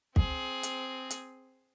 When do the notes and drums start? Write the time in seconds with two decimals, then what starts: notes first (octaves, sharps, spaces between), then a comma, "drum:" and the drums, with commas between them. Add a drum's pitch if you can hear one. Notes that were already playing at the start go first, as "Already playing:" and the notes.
0.16 C4 G#4, drum: kick
0.63 drum: hi-hat
1.10 drum: hi-hat